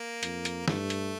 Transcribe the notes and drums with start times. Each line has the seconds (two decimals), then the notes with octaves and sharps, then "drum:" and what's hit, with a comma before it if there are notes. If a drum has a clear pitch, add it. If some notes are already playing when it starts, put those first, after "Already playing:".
Already playing: A#3
0.23 F2, drum: hi-hat
0.45 drum: hi-hat
0.68 G2 A3, drum: snare
0.90 drum: hi-hat